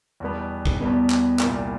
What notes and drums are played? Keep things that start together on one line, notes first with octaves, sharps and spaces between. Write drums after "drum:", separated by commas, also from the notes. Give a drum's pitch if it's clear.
E2 B2 G3 B3
drum: kick
E2 B2 G3 B3
drum: clap
C2 A#2 G3, drum: clap